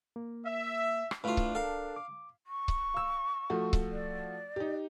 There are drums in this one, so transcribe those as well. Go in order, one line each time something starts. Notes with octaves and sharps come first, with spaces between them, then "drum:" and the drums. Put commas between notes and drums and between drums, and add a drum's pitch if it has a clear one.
A#3
E5
drum: rim click
A2 D4 F4 B4 F5
drum: kick C#1
A4 A#4 F5
D6
C#6
drum: kick C#1
F5 E6
F3 A3 F#4
drum: kick C#1
D5
D#4 G4